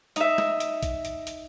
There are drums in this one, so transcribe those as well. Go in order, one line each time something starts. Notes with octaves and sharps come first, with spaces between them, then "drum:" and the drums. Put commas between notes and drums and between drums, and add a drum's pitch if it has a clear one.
D#4 E5, drum: hi-hat
drum: snare
drum: hi-hat
drum: kick A#1, hi-hat
drum: hi-hat
drum: hi-hat